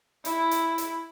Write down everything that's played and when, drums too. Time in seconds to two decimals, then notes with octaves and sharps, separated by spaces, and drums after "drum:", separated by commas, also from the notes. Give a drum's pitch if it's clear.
0.25 E4, drum: hi-hat
0.51 drum: hi-hat
0.78 drum: hi-hat